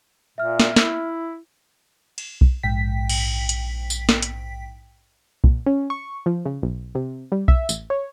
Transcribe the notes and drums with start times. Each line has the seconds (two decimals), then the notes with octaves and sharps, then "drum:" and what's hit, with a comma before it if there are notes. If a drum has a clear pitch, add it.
0.38 A#2 E5 F6
0.60 drum: snare
0.76 E4, drum: snare
2.18 drum: cymbal
2.41 drum: kick B1
2.63 A#1 G#2 G5 B6
3.10 drum: cymbal
3.49 drum: hi-hat
3.90 drum: tambourine
4.09 drum: snare
4.23 drum: hi-hat
5.44 A#2, drum: kick B1
5.66 C#4
5.90 C#6
6.26 F3
6.45 C#3
6.63 B1
6.95 C3
7.32 G3
7.48 E5, drum: kick B1
7.69 A1, drum: tambourine
7.90 C#5